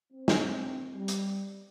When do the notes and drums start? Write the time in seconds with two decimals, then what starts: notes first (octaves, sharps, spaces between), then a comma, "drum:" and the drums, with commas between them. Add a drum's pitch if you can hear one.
0.13 C4
0.28 drum: snare
0.94 G3
1.08 drum: hi-hat